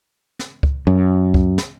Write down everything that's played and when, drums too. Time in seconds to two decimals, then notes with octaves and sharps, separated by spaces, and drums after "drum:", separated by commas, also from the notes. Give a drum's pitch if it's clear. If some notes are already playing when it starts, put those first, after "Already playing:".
0.39 drum: snare
0.63 drum: kick C#2
0.87 F#2
1.34 drum: kick C#2
1.58 drum: snare